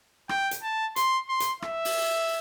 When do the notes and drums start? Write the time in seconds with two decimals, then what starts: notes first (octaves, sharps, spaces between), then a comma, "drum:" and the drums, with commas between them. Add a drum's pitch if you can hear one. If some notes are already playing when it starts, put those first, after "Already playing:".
0.29 G5, drum: rim click
0.51 drum: hi-hat
0.63 A5
0.96 C6, drum: hi-hat
1.29 C6
1.40 drum: hi-hat
1.62 E5, drum: rim click
1.85 drum: open hi-hat